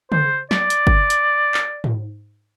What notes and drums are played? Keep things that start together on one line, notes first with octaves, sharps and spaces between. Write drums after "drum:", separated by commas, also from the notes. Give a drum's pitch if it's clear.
C5, drum: tom C#3
D5, drum: snare
drum: hi-hat
drum: kick G1
drum: hi-hat
drum: clap
drum: tom G#2